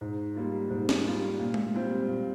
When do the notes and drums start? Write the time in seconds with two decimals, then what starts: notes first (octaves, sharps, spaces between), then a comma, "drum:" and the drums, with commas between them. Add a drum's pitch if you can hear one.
0.01 G#2
0.35 G3 A#3 F4
0.70 G#2
0.89 drum: snare
1.05 G3 A#3 F4
1.39 A#2
1.54 drum: tom G#3
1.74 G3 C4 F4
2.08 A#2